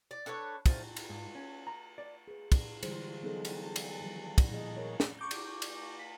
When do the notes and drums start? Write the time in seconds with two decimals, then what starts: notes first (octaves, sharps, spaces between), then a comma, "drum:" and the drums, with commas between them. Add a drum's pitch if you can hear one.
0.11 D5
0.26 D4 A4 B4 C#5
0.66 F3 A3, drum: kick, cymbal
0.97 drum: cymbal
1.10 G#2
1.35 C#4
1.67 A#5
1.98 D5
2.28 G#4 B4
2.52 drum: kick, cymbal
2.83 D3 E3 G3 G#3 G#4 C5, drum: cymbal
3.22 F#3 B3 D#4 G#4 A4 B4
3.45 drum: cymbal
3.76 drum: cymbal
4.01 D#3 F3 G3
4.38 drum: kick, cymbal
4.51 A#2 F3 G#4 D#5
4.77 A#2 A#4 C#5
5.00 drum: snare
5.19 C#6 D6 G6
5.31 drum: cymbal
5.62 drum: cymbal
5.99 B6